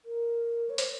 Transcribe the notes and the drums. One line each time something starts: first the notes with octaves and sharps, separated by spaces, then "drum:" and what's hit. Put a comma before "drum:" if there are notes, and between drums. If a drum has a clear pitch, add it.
A#4
C#5
C5, drum: hi-hat